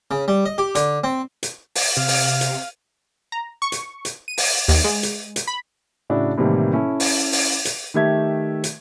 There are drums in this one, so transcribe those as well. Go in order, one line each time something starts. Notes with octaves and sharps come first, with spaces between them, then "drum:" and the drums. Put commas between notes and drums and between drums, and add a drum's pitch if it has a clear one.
C#3
G3
D#5
G4
D3, drum: hi-hat
C4
drum: hi-hat
drum: open hi-hat
C3 F5
drum: open hi-hat
drum: hi-hat
A#5
C#6
drum: hi-hat
drum: hi-hat
D#7
drum: open hi-hat
D#2, drum: open hi-hat
G#3
drum: hi-hat
drum: hi-hat
B5
A2 C#3 D4 E4 F#4
A2 C3 D#3 E3 G3 A#3
C#4 E4 A4
drum: open hi-hat
drum: open hi-hat
drum: hi-hat
D#3 A3 G4 E5 G#6
drum: hi-hat